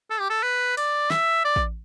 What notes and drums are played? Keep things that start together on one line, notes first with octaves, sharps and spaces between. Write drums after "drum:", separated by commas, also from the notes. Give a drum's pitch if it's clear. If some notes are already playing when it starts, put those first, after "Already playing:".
A4
G4
A4
B4
D5, drum: cymbal
E5, drum: snare
D5
drum: kick